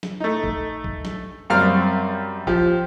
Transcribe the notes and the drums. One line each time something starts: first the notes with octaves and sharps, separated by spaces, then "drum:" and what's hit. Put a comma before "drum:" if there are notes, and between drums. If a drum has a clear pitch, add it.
drum: snare
A3 D#4
drum: kick
drum: kick
drum: snare
F#2 G3 C4 F5 F6
F3 G4, drum: kick